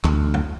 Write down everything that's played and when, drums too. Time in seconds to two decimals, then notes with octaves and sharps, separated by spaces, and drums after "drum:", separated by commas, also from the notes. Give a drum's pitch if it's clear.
0.04 D2, drum: clap
0.34 drum: tom